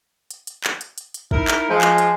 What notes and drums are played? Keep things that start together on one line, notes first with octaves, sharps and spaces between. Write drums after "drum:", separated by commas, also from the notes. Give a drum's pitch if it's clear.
drum: hi-hat
drum: hi-hat
drum: clap
drum: hi-hat
drum: hi-hat
drum: hi-hat
D#4 E4 A#4, drum: kick
drum: clap
F3 G#3
drum: clap
drum: hi-hat